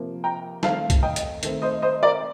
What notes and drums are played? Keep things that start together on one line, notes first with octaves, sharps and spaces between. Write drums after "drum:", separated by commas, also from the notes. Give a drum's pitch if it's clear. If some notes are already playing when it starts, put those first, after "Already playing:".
Already playing: C3 F3 A#3
G5 A#5
D#3 A3 C4 F5 A5, drum: snare
drum: kick B1, hi-hat
D#5 G5
drum: hi-hat
D#3 A3 C4, drum: hi-hat
C5 D#5
C5 D#5
A#4 D5